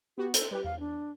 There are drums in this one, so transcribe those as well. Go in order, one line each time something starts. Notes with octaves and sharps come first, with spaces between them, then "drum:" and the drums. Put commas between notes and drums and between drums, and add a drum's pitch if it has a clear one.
B3 F#4 G4
A4 C5, drum: hi-hat
G3 G4 B4
E2 F5
D4